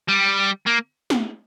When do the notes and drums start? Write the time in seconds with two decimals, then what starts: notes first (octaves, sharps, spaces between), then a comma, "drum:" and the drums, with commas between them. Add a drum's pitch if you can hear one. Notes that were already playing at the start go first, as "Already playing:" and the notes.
0.09 G3
0.67 A#3
1.10 drum: snare